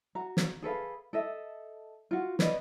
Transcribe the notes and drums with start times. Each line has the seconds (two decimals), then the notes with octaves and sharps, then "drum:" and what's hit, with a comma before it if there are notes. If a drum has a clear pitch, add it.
0.15 F#4 A#5
0.37 drum: snare
0.62 G#4 A4 B4 F5
1.13 A4 D#5 E5
2.11 F4 F#4
2.39 B4 D5 D#5, drum: snare